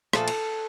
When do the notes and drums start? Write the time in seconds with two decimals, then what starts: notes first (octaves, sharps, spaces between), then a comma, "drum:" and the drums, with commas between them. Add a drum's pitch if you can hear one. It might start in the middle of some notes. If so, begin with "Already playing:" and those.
0.13 A#2 F3 A3 A4, drum: rim click
0.28 drum: cymbal